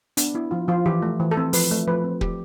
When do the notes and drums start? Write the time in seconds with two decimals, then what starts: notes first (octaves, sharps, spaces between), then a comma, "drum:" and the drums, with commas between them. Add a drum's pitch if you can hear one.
0.17 B3 D4, drum: hi-hat
0.34 B3 E4
0.51 F3 F4
0.68 F3 F4
0.86 E3 G4
1.02 A3
1.20 E3
1.31 A4
1.37 C4
1.53 F3 B4, drum: open hi-hat
1.71 A3
1.87 F3 B4
2.04 C4
2.21 F3 G4, drum: kick